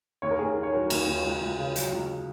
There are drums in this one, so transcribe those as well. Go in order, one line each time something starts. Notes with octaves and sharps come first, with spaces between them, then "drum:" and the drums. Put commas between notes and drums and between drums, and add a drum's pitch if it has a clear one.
D#2 C#5
A#4
D#2 G#4 C#5
D#3
C#5
F#3 F#4 A#4
D#2, drum: cymbal
D#2
C#2
C#2
C#3
F#3, drum: hi-hat
C#2